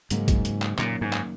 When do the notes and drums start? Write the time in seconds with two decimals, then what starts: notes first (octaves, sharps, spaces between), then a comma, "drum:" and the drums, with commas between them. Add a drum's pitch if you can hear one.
0.10 G#2 C#3 F#3 A#3 D#4 F#4, drum: hi-hat
0.28 drum: kick, hi-hat
0.45 drum: hi-hat
0.62 drum: clap
0.79 F#2 A#2 D#3 A#3 C#4, drum: clap
1.01 G#2
1.13 drum: clap